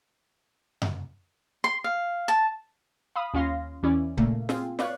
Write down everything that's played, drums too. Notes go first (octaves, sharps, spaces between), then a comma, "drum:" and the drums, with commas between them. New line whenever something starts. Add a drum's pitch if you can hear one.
drum: tom F#2
C6
F5
A5
F5 B5 D#6
D#2 C#4 F4 F5 C6 A#6
E2 E3 C#4 E4 D5
A#2 C#3 A3 A#3, drum: kick C#1
C4 F4 G#4, drum: snare
B4 C#5 D5 F5 C#6 F#6, drum: snare